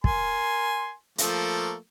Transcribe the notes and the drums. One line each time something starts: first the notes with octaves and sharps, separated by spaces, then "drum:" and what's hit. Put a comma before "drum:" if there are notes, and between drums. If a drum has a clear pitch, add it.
A#4 G#5 C6, drum: kick
F3 A3 A#3, drum: hi-hat